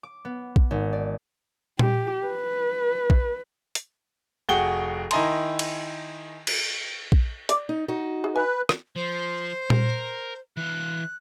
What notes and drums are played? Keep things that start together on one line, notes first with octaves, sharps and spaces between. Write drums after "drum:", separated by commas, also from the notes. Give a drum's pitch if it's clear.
D6
B3
drum: kick
G#1
D5
G4, drum: tom A#2
B4
drum: kick
drum: hi-hat
F1 F#4 G#4 F#5 G5 G7
D#3 E4 D#5 G#5 A#5 C6, drum: cymbal
drum: cymbal
drum: cymbal
drum: kick
D5, drum: hi-hat
D#4
D#4 F#4
G#4
B4 G#5
drum: rim click
F3 C5
A#4, drum: tom A#2
E3 F5 F#6